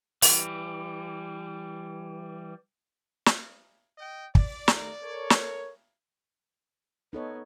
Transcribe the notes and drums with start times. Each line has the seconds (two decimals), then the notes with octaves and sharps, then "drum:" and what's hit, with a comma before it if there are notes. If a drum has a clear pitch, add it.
0.22 E3 G3, drum: open hi-hat
3.26 drum: snare
3.97 D#5 G5
4.35 D5, drum: kick
4.68 D#2 A3 A#5, drum: snare
5.03 A4 A#4 C#5
5.30 drum: snare
7.13 B3 D#4 A4 C#5